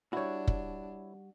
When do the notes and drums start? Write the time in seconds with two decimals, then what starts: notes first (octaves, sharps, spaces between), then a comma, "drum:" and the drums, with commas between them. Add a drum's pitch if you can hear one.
0.13 G3 D4 E4 F#4 C#5
0.47 drum: kick